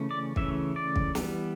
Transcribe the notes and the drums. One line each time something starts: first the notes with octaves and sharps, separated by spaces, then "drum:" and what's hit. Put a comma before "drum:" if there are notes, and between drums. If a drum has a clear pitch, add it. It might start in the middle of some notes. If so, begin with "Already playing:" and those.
Already playing: C#3 E3 A3 C#4
D5
C#3 E3 A3 C#4 E5, drum: kick
D5
drum: kick
E3 G3 B3, drum: snare